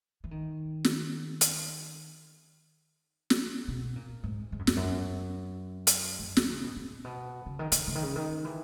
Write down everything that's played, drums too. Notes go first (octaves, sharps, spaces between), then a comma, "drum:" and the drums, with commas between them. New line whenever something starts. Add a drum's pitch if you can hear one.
E3
D#3
drum: snare
drum: hi-hat
drum: snare
B2
A#2
G#2
G#2
F#2
E2, drum: snare
F#2
drum: hi-hat
F#2
D#3, drum: snare
C#3
B2
A#2
B2
C#3
D#3
C#3, drum: hi-hat
C#3
D#3
C#3
D#3
E3